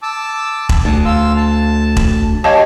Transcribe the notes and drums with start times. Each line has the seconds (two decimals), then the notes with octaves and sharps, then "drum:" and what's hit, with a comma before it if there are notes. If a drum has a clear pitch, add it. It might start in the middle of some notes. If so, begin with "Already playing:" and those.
0.02 A5 D6 E6
0.69 drum: kick E1
0.85 D2 A5
1.05 F5 C6 E6
1.37 A5
1.97 drum: kick E1
2.44 G4 C#5 D#5 F5 G#5 A5